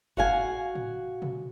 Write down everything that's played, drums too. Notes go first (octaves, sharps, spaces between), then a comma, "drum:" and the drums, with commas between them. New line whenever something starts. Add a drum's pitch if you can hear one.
F#4 F5 G#5, drum: kick F#1
drum: tom
drum: tom